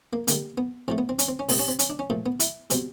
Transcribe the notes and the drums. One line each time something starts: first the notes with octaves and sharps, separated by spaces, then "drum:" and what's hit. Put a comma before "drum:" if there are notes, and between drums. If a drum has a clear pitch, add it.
A#3
D3 G3 A#3, drum: hi-hat
B3
A2 F3 A3 C4
B3
C4
C#4, drum: hi-hat
C4
C#4
A#2 G3 C4, drum: open hi-hat
C#4
C4
C#4, drum: hi-hat
D4
C#4
A#2 F3 A3
B3
E4, drum: hi-hat
B2 G3 C4, drum: hi-hat